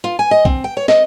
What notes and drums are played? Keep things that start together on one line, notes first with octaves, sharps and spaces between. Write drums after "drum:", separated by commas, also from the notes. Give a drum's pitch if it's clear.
F4
G#5
D#5
C4, drum: kick
G5
C#5
D#5, drum: snare